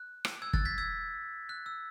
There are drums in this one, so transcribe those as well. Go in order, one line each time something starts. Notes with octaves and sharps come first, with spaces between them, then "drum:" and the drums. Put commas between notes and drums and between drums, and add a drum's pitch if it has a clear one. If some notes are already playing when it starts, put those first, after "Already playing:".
Already playing: F#6
drum: rim click
E6 G#6
F#6 A6, drum: kick
G#6 B6
E6 G#6
F#6
E6